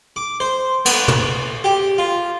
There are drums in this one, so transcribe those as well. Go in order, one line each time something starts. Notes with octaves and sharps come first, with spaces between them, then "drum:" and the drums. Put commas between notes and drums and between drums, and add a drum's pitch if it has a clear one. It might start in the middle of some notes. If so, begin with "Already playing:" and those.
D6
C5
B3, drum: cymbal
drum: tom
G4
F4